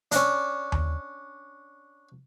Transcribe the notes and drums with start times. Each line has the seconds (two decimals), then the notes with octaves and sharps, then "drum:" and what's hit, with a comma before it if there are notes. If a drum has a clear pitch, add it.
0.12 C#4 D4, drum: hi-hat
0.72 drum: tom D#2